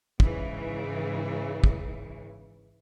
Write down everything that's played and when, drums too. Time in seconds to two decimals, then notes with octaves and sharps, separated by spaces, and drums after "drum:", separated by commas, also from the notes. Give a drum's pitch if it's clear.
0.20 G#2 C#3 E3, drum: kick
1.64 drum: kick